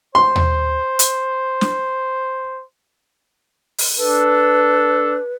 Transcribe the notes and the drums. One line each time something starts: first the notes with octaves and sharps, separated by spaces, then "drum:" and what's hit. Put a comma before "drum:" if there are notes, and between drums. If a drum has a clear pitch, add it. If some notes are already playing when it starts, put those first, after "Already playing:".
C5 C6
drum: tom D#2
drum: hi-hat
drum: snare
drum: open hi-hat
D4 A4 B4